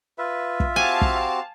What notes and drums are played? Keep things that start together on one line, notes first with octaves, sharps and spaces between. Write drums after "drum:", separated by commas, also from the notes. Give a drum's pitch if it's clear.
F4 B4 E5
drum: kick
C4 F#4 G4 F5 G#5 A5
drum: kick